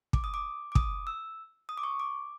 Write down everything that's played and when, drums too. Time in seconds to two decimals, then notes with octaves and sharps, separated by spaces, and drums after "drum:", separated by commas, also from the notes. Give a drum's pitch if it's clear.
0.13 D6, drum: kick
0.24 D#6
0.34 D6
0.72 D6
0.75 D#6, drum: kick
1.07 E6
1.69 D#6
1.77 D6
1.83 C#6
2.00 D6